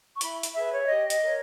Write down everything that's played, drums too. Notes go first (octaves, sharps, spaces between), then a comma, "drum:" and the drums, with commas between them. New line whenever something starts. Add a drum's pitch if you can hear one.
C#6
E4 B5, drum: hi-hat
drum: hi-hat
G#4 B4 E5
C#5
E5
G4 D#5
D#5, drum: hi-hat
A#4 C#5